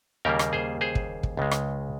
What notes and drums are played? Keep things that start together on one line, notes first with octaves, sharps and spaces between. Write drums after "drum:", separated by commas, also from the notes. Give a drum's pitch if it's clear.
D#2 C#3 G3 A#3 G4 A#4
drum: rim click
G#4 C5
G#4 C5
drum: kick
drum: kick
C#2 C#3 G#3
drum: rim click